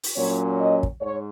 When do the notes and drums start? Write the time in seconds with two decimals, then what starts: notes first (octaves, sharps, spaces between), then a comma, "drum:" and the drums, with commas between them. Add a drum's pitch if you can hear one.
0.03 drum: open hi-hat
0.16 A#2 F#3 C#4 C#5
0.59 D#5
0.83 drum: kick
1.01 G#2 C#5